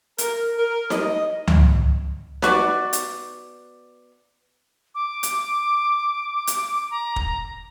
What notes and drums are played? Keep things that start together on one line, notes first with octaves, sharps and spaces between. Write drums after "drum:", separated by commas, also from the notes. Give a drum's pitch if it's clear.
A#4, drum: hi-hat
A#4
D#5, drum: snare D#4
drum: tom C#2
B3 F#4 D5, drum: snare D#4
drum: hi-hat
D6
drum: hi-hat
drum: hi-hat
A#5
drum: kick